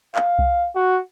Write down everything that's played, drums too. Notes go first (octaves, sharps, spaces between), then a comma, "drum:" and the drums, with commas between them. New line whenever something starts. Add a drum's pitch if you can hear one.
F5, drum: clap
drum: kick C2
F#4